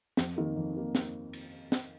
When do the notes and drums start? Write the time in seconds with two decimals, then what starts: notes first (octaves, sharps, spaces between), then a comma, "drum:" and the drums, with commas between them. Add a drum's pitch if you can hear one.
0.17 F2, drum: snare
0.36 D#3 A#3
0.56 F2
0.75 D#3 A#3
0.95 drum: snare
1.33 drum: cymbal
1.72 drum: snare